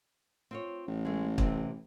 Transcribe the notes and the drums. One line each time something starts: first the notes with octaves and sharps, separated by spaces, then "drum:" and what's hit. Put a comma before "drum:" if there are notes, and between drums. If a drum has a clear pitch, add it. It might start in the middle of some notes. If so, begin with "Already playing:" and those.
C4 F4 C#5
A1
G#3 A3
C3 E3 C4, drum: kick